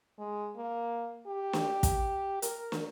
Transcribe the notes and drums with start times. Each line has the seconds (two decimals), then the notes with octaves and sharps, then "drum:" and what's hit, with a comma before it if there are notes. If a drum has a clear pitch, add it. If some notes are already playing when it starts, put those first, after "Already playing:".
0.19 G#3
0.57 A#3
1.27 G4
1.53 drum: snare
1.83 drum: kick, hi-hat
2.42 A#4, drum: hi-hat
2.72 drum: snare